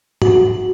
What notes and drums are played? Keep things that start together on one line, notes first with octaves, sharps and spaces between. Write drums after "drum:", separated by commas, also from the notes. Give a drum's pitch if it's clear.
F#4, drum: tom